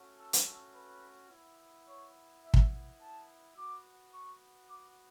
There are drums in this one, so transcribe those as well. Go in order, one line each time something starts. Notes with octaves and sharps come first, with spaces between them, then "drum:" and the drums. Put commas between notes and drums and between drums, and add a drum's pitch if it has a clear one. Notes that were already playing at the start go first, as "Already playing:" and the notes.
Already playing: A3 C#4 F#4
A4
drum: hi-hat
A4
B4
B3 E4
C#5
E5
drum: kick
A5
B3 F#4 D6
C#6
D6